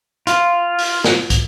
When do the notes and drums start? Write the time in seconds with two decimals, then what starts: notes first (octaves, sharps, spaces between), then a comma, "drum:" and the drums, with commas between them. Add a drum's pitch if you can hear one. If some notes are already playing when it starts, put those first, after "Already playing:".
0.27 F4, drum: hi-hat
0.79 drum: open hi-hat
1.04 drum: snare
1.30 drum: kick, hi-hat